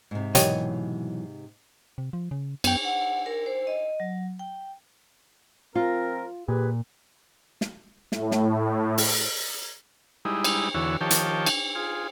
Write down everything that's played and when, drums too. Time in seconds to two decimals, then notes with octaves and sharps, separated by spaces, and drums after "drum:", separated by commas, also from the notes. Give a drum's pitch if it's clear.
0.11 G#2 C3
0.35 B2 D#3 E3 F#3 G4 C#5 D#5, drum: hi-hat
1.98 C3
2.13 F3
2.31 C#3
2.64 F#2 B3 G5, drum: cymbal
2.85 F#5
3.26 A#4
3.46 C5
3.67 D#5
4.00 F#3
4.39 G5
5.75 F3 C4 F4 A#4
6.48 A#2 G4 G#4 B4
7.61 drum: snare
8.12 A2, drum: snare
8.31 drum: snare
8.98 drum: open hi-hat
10.25 G3 G#3 D#4 E4
10.45 drum: cymbal
10.74 E2 D3 E3 F#4 C#5 E6
11.01 D#3 F3 G4 C#5 G5 A5
11.10 drum: hi-hat
11.46 drum: cymbal
11.75 F4 G#4